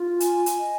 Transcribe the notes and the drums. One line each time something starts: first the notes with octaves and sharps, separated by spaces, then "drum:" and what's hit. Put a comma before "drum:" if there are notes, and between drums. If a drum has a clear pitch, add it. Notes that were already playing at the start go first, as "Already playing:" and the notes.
Already playing: F4
G#5, drum: hi-hat
drum: hi-hat
D#5